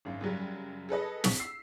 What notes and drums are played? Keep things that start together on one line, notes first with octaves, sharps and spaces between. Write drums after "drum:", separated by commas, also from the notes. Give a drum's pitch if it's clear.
G#1 F#2
F#2 C#3 F#3 G3
G#4 A4 B4 D#5
C#6 D#6 B6, drum: snare
E6 C7